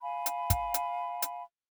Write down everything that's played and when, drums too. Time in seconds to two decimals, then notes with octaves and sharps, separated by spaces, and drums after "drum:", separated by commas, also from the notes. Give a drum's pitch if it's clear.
0.02 F5 G#5 B5
0.26 drum: hi-hat
0.50 drum: kick, hi-hat
0.74 drum: hi-hat
1.22 drum: hi-hat